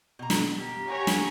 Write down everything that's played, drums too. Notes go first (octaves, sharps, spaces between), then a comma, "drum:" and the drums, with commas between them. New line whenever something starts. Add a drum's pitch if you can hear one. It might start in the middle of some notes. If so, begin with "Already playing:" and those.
B2 A#5
drum: snare
G4 A#4
C#5 F#5 G#5 A#5
drum: snare